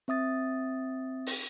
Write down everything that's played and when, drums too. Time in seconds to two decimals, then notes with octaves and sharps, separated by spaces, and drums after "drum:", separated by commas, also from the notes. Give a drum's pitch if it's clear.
0.08 C4 E5 D#6 A6
1.26 drum: open hi-hat